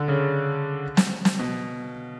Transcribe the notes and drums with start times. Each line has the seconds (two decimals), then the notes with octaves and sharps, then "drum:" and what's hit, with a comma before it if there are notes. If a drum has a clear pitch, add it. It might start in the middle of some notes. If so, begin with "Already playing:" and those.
Already playing: D3
0.08 C#3
0.97 drum: snare
1.25 drum: snare
1.39 B2